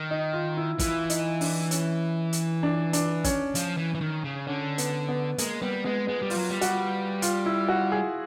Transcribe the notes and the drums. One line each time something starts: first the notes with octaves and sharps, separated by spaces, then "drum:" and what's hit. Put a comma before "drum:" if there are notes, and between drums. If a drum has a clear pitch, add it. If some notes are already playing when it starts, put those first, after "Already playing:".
Already playing: D#3
D#4
F4
E4
E3 E4, drum: kick, hi-hat
D#4, drum: hi-hat
D4, drum: open hi-hat
C#4, drum: hi-hat
drum: hi-hat
D4
D4, drum: hi-hat
C#4, drum: kick, hi-hat
F3, drum: hi-hat
E3
E3
D#3
C#3
D3 C#4
B3, drum: hi-hat
B3
G#3 A#3, drum: hi-hat
G3 B3
G#3 B3
G#3 B3
G3
F4, drum: open hi-hat
F#3
G3
F#4, drum: hi-hat
F4, drum: hi-hat
E4
F#4
G#4